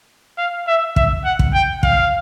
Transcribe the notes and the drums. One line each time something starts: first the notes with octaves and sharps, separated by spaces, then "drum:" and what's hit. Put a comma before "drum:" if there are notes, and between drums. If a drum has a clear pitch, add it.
F5
E5
E5, drum: kick
F#5
drum: kick
G5
F5, drum: kick